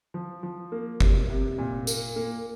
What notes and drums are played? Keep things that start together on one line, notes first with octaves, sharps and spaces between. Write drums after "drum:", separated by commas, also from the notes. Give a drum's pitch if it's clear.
F3
F3
A#3
G3, drum: kick G1
C3
A#2
A#3, drum: tambourine
A#3